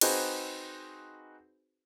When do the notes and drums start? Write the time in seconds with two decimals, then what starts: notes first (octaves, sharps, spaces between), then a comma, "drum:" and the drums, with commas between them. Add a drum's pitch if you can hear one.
0.01 C4 D#4 F#4 G#4 B4 C5, drum: cymbal